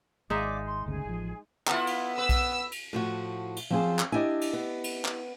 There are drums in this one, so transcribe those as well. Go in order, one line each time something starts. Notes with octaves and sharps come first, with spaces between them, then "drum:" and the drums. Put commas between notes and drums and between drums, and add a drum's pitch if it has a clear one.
G#1 G#3 D#4 D5 E5 F5 D6
C6
G1 D2 C#3 G#4 G#5
A1 F3
B3 E4 F4 A4, drum: clap
drum: cymbal
B4 E6
drum: kick B1, cymbal
drum: cymbal
A2 F3 F#4
drum: cymbal
F#2 F3 C4 G#4
drum: clap
D4 E4 G4 D#5 G#5
drum: cymbal
B3
drum: cymbal
drum: clap